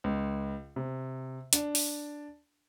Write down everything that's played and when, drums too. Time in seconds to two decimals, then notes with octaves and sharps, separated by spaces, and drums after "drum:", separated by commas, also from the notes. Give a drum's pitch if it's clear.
0.04 C#2
0.76 C3
1.53 D4, drum: hi-hat
1.75 drum: open hi-hat